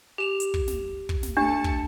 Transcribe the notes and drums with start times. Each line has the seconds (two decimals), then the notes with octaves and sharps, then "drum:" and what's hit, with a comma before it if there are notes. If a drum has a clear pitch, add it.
0.18 G4 E7 F7
0.40 drum: hi-hat
0.54 drum: kick
0.68 drum: snare
1.09 drum: kick
1.23 drum: snare
1.37 A3 D4 G4 A5 C#7
1.64 drum: kick